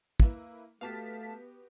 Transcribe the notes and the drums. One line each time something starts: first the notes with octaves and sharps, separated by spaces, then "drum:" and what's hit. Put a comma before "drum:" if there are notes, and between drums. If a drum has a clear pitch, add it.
A#3 E4 B4, drum: kick
A3 B3 F#4 G4 F5 A5 B6